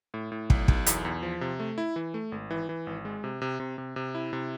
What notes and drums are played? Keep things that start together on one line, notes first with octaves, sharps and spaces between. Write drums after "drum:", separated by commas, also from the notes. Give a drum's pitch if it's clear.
A2
A2
B1, drum: kick
B1, drum: kick
E2, drum: hi-hat
E2
F3
C3
A3
E4
E3
A3
G#1
E3
E3
G#1
G#3
C3
C3
C3
C3
C3
E4
C3